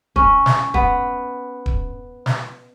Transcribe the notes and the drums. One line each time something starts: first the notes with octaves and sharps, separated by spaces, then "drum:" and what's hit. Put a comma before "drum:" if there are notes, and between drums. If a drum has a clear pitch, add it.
C#4, drum: kick D#1
drum: snare
B3, drum: kick D#1
drum: kick D#1
drum: snare